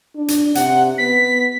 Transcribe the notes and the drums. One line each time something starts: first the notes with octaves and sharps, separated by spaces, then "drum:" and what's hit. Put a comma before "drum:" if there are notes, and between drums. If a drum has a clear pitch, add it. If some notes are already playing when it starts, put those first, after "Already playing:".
D4
drum: hi-hat
C3 F#5, drum: hi-hat
B3 B6